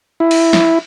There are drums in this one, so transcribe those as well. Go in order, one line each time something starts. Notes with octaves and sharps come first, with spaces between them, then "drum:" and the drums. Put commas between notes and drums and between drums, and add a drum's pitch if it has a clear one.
E4
drum: cymbal
drum: snare